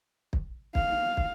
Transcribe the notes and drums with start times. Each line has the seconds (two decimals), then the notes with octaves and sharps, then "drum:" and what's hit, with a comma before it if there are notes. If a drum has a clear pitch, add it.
0.33 drum: kick
0.75 F5, drum: kick
1.17 drum: kick